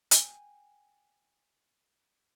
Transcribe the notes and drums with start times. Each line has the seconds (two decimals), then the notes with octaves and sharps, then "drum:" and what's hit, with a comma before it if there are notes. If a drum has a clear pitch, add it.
0.11 G5 G#5, drum: hi-hat